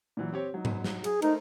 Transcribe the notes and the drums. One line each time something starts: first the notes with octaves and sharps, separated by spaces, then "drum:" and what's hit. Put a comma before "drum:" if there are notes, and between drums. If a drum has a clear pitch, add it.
A#2 E3 F#3
C4 G4 C#5
F#3 D#4
drum: tom G#2
drum: snare
G#4, drum: cymbal
A3 D#4 A#4 C5, drum: cymbal